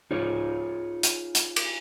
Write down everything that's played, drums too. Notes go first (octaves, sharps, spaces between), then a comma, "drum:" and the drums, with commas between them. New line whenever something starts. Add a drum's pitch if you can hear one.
D#4 F4 G#4 C#5
drum: hi-hat
drum: hi-hat
drum: cymbal